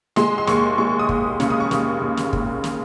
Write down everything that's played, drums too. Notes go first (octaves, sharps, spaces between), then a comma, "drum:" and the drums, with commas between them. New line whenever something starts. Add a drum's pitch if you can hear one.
G#3 C6, drum: snare
C6
D#2 C#6, drum: snare
G#3 C#6
D#6
D#2, drum: kick
C#3 C#6, drum: snare
D#6
C#6
D#2, drum: snare
D#2
drum: snare
D#2, drum: kick
drum: snare